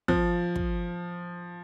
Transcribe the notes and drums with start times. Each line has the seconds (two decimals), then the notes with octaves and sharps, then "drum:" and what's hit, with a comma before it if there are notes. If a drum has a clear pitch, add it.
0.08 F3, drum: kick
0.56 drum: kick